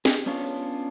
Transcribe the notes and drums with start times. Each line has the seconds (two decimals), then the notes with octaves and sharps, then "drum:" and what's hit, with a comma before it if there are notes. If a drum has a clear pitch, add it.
0.05 G4 G#4, drum: snare
0.26 B3 C#4 D4 F4 C#5